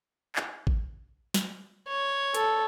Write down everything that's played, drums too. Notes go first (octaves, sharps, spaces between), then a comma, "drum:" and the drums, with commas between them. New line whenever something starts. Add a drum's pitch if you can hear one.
drum: clap
drum: kick G#1
drum: snare
C#5
A4, drum: hi-hat